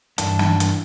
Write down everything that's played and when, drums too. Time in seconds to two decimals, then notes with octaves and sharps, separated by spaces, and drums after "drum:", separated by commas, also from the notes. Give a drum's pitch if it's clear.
0.18 G2 E3 D4 A5, drum: hi-hat
0.39 drum: snare
0.60 drum: hi-hat